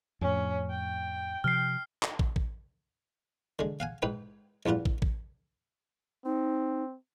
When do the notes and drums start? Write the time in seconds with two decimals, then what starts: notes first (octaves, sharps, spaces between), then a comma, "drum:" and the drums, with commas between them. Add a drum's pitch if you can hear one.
0.21 F2 A2 C#4
0.70 G5
1.44 C3 F3 F6 C7
2.03 drum: clap
2.19 drum: kick
2.36 drum: kick
3.59 D3 G#3
3.80 F5 F#5 G#5
4.02 G#2 D#4 B4 G5
4.66 A1 E2 G3 F4 F#5
4.85 drum: kick
5.02 drum: kick
6.25 C4 D#4